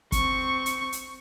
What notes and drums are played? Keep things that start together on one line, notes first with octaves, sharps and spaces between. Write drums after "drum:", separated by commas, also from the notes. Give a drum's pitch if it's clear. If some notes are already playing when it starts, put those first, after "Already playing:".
C4 C#6, drum: kick, hi-hat
drum: hi-hat
drum: hi-hat